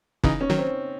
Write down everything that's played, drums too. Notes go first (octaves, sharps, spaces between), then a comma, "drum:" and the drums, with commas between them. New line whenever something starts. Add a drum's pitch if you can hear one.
C#3 E3 D#4, drum: kick
C#4
D#3 F#3
C4